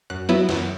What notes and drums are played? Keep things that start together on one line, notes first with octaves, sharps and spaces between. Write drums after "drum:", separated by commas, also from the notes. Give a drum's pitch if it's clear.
F#2 F#6
F#3 B3 E4
F#2, drum: snare